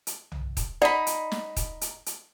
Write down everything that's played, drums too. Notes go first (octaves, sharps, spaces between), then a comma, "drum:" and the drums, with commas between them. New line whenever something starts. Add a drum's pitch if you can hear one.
drum: hi-hat
drum: tom
drum: kick D#1, hi-hat
D#4 D5 F#5 B5
drum: hi-hat
drum: snare
drum: kick D#1, hi-hat
drum: hi-hat
drum: hi-hat